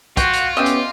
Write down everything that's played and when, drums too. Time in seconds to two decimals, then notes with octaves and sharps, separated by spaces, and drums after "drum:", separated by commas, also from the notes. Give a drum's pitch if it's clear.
0.17 F4 F#4 G5, drum: kick, hi-hat
0.33 drum: hi-hat
0.57 B3 C#4 G4 D#5 E5 G5
0.66 drum: hi-hat